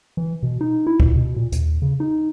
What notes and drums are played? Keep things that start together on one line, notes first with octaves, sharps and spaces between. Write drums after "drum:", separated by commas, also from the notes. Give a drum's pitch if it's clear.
E3
B2
D#4
E4
A#2, drum: kick C#2
B2
A#2
D#2, drum: hi-hat
C#3
D#4